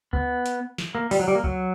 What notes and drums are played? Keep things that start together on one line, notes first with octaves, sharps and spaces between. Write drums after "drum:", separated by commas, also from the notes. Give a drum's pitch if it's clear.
B3, drum: kick C#2
drum: hi-hat
drum: snare
A#3
G3, drum: open hi-hat
F#3
G3
A#3
F#3, drum: kick C#2